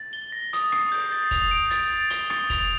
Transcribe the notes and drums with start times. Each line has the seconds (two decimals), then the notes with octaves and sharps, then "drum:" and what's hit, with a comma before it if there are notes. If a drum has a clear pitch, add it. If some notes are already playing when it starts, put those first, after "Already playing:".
Already playing: A6
0.13 G7
0.32 A#6
0.53 D#6, drum: hi-hat
0.72 C7, drum: rim click
0.92 G6, drum: open hi-hat
1.12 A6
1.31 F7, drum: kick, hi-hat
1.51 D7
1.71 A6, drum: hi-hat
1.90 A6
2.10 G7, drum: hi-hat
2.30 A6, drum: rim click
2.50 F7, drum: kick, hi-hat